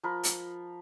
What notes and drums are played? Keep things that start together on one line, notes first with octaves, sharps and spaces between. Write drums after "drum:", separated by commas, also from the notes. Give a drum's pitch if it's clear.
F3 A#4 B5
drum: hi-hat